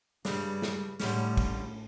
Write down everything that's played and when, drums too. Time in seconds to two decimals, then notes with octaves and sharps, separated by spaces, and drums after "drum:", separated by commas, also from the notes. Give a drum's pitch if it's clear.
0.25 G2 C#3 G3 D4, drum: snare
0.62 drum: snare
1.00 A2 D3 G3 C#4, drum: snare
1.37 drum: kick, cymbal